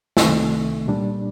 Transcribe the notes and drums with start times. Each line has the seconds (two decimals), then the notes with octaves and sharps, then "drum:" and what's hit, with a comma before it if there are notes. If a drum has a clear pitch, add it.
0.17 C2 C3 D#3 A3, drum: snare
0.88 A#2 G3 D4